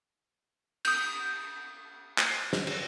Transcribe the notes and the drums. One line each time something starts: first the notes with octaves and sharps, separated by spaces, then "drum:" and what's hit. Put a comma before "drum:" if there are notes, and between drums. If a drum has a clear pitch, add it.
D#6 G6, drum: cymbal
drum: clap
drum: snare
drum: cymbal